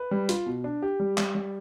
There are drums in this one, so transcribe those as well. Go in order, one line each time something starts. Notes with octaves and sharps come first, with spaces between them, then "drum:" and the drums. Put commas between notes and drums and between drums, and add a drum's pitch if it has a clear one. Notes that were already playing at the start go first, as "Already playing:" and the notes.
Already playing: B4
G3
F4, drum: hi-hat
B2
D4
G4
G3
G3, drum: clap
G3